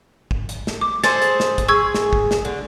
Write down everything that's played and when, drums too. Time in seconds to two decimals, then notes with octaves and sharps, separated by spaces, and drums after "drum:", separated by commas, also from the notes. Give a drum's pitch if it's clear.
0.31 drum: kick
0.49 drum: hi-hat
0.67 drum: snare
0.81 D6
1.04 G#4 A4 C5 A6, drum: snare
1.22 drum: hi-hat
1.40 drum: snare
1.58 drum: kick, hi-hat
1.69 G#4 C#6 E6 G#6
1.94 drum: snare
2.13 drum: kick
2.31 drum: snare
2.45 D3